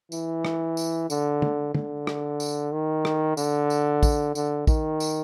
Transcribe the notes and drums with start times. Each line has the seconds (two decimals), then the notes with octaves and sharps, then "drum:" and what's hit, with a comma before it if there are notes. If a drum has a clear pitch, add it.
0.12 E3, drum: tambourine
0.45 drum: rim click
0.77 drum: tambourine
1.10 D3, drum: tambourine
1.42 drum: tom
1.75 D3, drum: tom
2.07 drum: rim click
2.40 drum: tambourine
2.72 D#3
3.05 drum: rim click
3.37 D3, drum: tambourine
3.70 drum: tambourine
4.03 drum: kick, tambourine
4.35 D3, drum: tambourine
4.67 D#3, drum: kick, tambourine
5.00 drum: tambourine